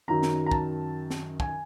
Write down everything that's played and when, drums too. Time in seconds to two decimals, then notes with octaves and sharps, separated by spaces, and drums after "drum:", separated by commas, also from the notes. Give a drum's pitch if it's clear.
0.08 F#2 D#3 F#3 A#5
0.23 drum: snare
0.46 A#5
0.51 A5, drum: kick
1.11 drum: snare
1.40 G#5, drum: kick